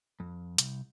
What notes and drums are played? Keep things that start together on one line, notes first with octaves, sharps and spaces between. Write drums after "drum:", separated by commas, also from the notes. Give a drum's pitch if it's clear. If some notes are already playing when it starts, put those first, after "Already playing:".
F2
C2, drum: hi-hat